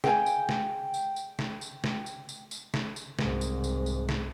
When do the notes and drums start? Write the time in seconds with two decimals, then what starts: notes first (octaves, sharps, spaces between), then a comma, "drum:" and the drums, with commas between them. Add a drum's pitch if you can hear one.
0.04 G#4 F5 G5 G#5, drum: snare
0.26 drum: tambourine
0.49 drum: snare
0.94 drum: tambourine
1.16 drum: tambourine
1.39 drum: snare
1.61 drum: tambourine
1.84 drum: snare
2.06 drum: tambourine
2.29 drum: tambourine
2.51 drum: tambourine
2.74 drum: snare
2.96 drum: tambourine
3.19 C2 G#2, drum: snare
3.41 drum: tambourine
3.64 drum: tambourine
3.86 drum: tambourine
4.09 drum: snare